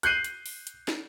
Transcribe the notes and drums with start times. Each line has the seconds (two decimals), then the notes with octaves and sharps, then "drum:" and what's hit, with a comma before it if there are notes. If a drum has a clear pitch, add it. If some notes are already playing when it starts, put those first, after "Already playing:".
0.03 F#6 G6 C7 D#7 F#7, drum: hi-hat
0.24 drum: hi-hat
0.46 drum: open hi-hat
0.67 drum: hi-hat
0.88 drum: snare